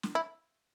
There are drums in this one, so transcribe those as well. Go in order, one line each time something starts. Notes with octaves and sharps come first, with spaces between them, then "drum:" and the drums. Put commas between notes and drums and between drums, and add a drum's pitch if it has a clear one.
drum: snare
E4